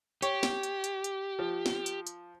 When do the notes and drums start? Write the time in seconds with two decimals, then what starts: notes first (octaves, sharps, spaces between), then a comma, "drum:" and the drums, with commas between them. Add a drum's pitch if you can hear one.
0.22 G4 C#5, drum: hi-hat
0.43 drum: snare
0.63 drum: hi-hat
0.84 drum: hi-hat
1.04 drum: hi-hat
1.39 F3
1.66 drum: snare
1.86 drum: hi-hat
2.07 drum: hi-hat